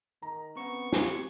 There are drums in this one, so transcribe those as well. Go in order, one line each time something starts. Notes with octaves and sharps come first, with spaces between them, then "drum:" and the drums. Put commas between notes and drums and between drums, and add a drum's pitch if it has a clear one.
D#3 A#5
C#3 B3 C4 C#6
G4 G#5, drum: snare